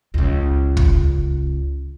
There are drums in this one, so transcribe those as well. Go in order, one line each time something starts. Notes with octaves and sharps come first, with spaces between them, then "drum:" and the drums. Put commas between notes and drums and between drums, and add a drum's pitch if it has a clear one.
C#2 C#3
drum: kick